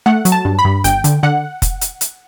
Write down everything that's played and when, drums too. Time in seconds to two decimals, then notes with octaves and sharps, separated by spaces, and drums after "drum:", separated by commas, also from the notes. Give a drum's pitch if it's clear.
0.06 A3 F#5
0.25 F#3, drum: hi-hat
0.32 A5
0.45 G2
0.59 B5
0.65 G2
0.84 G1 G5, drum: hi-hat
1.04 D3, drum: hi-hat
1.23 D3 F#5
1.62 drum: kick F1, hi-hat
1.81 drum: hi-hat
2.01 drum: hi-hat